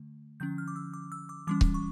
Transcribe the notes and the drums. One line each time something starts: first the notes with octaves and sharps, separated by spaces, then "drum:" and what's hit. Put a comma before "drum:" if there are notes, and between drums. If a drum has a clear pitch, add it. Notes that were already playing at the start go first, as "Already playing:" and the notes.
Already playing: D3 A3
D3 F3 C#4 G6
F6
D6
E6
D6
E6
D6
E3 G3 C#4 D6
drum: kick C#1
C#6